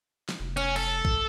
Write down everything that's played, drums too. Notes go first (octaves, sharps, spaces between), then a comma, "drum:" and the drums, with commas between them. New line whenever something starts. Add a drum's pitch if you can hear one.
drum: snare
F1
C#4, drum: hi-hat
A4, drum: cymbal
drum: kick A#1